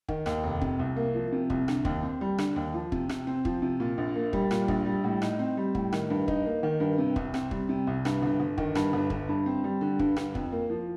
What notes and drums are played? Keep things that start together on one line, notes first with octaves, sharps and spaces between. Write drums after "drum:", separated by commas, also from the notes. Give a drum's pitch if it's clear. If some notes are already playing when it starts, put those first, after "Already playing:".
D#3, drum: kick
D#2, drum: rim click
F1
C3, drum: kick
C2
A#3
F3
C3
C2, drum: kick
D3, drum: rim click
D#2, drum: kick
C4
G3
D3, drum: rim click
D#2
F3
C3, drum: kick
C3, drum: rim click
C4
F3, drum: kick
C3
A#2
A#1
A#3
G3, drum: kick
A#2, drum: rim click
A#1, drum: kick
G3
A2
D#4, drum: rim click
C4
G3
A2, drum: kick
D#3, drum: rim click
G2
D#4, drum: kick
A#3
D#3
G2
C3
C2, drum: kick
C4, drum: rim click
G3, drum: kick
C3
C2
G2, drum: rim click
G1
G1
D#3, drum: kick
G2, drum: rim click
G1
D3, drum: kick
G2
C4
G3
D3
G2, drum: kick
D3, drum: rim click
F2, drum: kick
A#3
F3